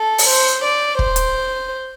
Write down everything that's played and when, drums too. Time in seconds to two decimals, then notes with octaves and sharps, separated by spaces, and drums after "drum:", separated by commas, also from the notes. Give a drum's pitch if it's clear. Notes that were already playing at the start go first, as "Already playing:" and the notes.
Already playing: A4
0.18 drum: open hi-hat
0.28 C5
0.64 D5
0.99 C5, drum: kick
1.16 drum: hi-hat